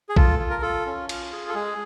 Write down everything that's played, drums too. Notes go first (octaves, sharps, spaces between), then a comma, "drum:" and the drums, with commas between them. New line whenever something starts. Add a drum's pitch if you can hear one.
G#4
F4 A4, drum: kick A#1
F4
A#4
F4 A4
C#4
F4, drum: cymbal
G#4
A4
G#3 G#4